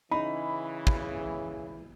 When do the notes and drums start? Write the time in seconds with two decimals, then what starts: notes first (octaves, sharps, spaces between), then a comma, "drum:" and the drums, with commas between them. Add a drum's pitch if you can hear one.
0.11 C#3 E3 D#4 B5
0.87 drum: kick